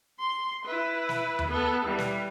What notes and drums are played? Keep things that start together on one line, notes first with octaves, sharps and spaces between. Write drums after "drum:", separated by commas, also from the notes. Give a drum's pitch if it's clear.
C6
E4 B4
drum: snare
drum: tom D#2
B3 A4
E3 G3
drum: snare